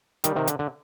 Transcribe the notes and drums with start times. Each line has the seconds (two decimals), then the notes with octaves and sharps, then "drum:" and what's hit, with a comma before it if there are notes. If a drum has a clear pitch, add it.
0.24 D#3 G3, drum: hi-hat
0.36 C3 D#3
0.47 D3, drum: hi-hat
0.59 D3